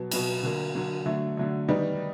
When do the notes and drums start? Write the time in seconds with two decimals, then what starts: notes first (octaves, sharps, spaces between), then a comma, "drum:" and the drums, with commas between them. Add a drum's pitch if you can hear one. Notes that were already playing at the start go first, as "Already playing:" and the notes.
Already playing: B2 F#3 B3
0.11 B2 F#3 B3, drum: cymbal
0.43 D3 F#3 A#3
0.75 D3 F#3 A#3
1.06 D3 F#3 A3
1.37 D3 F#3 A3
1.68 D#3 G3 B3 D#4